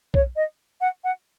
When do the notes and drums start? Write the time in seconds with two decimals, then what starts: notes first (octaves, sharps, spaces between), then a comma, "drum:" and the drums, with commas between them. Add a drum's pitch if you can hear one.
0.14 C#5, drum: kick B1
0.36 D#5
0.81 F#5
1.04 F#5